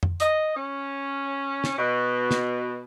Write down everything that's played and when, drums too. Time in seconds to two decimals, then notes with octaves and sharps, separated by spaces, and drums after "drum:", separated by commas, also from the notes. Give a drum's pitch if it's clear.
0.03 drum: tom F2
0.20 D#5, drum: hi-hat
0.56 C#4
1.64 drum: snare
1.78 B2
2.31 drum: snare